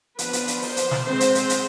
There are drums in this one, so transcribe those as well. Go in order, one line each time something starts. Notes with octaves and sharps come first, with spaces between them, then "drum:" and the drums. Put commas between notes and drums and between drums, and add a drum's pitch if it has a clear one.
F3 B3 D4 B4, drum: hi-hat
drum: hi-hat
drum: hi-hat
C5, drum: open hi-hat
drum: hi-hat
drum: snare
G#3 C4 C5
drum: hi-hat
drum: hi-hat
drum: hi-hat